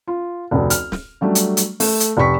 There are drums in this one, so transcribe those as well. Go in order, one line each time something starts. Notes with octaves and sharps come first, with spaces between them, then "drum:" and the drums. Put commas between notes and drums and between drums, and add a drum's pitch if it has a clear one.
F4
F1 D2
F6, drum: hi-hat
drum: snare
F#3 G3 A3 D4
drum: hi-hat
drum: hi-hat
A3, drum: open hi-hat
drum: hi-hat
F1 G4 D5 C#6 B6